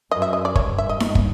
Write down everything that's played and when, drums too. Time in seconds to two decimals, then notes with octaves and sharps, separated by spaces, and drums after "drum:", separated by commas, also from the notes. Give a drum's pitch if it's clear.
0.11 F#2 D#5
0.22 E5
0.33 D#5
0.45 D5
0.56 G2 C#5, drum: kick
0.78 E5
0.89 D#5
1.00 G2, drum: snare D#4
1.15 drum: kick